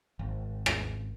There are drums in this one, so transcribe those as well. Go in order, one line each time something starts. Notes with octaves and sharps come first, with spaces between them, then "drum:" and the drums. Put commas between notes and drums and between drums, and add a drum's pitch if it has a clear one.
G#1
drum: rim click